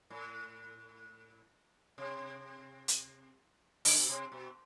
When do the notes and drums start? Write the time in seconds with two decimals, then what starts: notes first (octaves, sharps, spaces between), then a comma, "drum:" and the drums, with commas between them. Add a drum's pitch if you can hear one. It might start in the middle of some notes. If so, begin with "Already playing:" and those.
0.10 A2
1.98 C3
2.88 drum: hi-hat
3.85 D3, drum: open hi-hat
3.97 B2
4.09 C3
4.32 B2